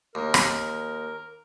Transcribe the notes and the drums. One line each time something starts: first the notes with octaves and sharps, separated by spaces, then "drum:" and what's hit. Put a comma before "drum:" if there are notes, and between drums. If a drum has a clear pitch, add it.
D#2 A#4
drum: rim click